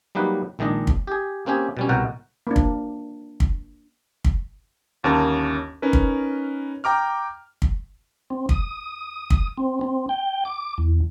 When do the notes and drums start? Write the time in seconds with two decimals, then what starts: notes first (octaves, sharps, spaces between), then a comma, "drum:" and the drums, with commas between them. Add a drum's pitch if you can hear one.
0.15 F#3 G3 A#3 D#4 B4
0.59 A#1 D#3 G#3 D4 D#5
0.87 drum: kick
1.07 G4 G#4
1.46 A#3 C4 C#4 G4 G#4
1.77 B2 G3 C#4
1.89 C2 B2 F#4 A#4 F#5 G5
2.47 A#3 D4
2.56 drum: kick
3.40 drum: kick
4.25 drum: kick
5.03 G1 D#2 C#4 A#4 A5
5.82 C#4 D#4 A#4 B4
5.93 drum: kick
6.84 G5 A#5 D6 F6
7.62 drum: kick
8.30 C4
8.49 D#6, drum: kick
9.30 drum: kick
9.58 C4
9.81 C4
10.09 G5
10.45 D6
10.78 E2